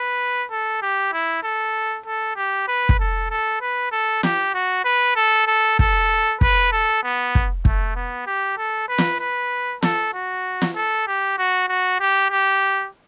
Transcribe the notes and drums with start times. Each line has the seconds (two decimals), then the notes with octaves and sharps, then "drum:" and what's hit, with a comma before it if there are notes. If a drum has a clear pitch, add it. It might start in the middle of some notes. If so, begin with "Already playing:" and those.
Already playing: B4
0.51 A4
0.82 G4
1.13 E4
1.43 A4
2.06 A4
2.36 G4
2.68 B4
2.89 drum: kick
3.00 A4
3.31 A4
3.61 B4
3.92 A4
4.23 G4, drum: snare
4.54 F#4
4.85 B4
5.16 A4
5.47 A4
5.79 A4, drum: kick
6.41 B4, drum: kick
6.72 A4
7.03 B3
7.35 drum: kick
7.65 A3, drum: kick
7.96 B3
8.27 G4
8.57 A4
8.89 B4
8.98 drum: snare
9.20 B4
9.83 A4, drum: snare
10.14 F#4
10.62 drum: snare
10.75 A4
11.07 G4
11.38 F#4
11.69 F#4
12.00 G4
12.31 G4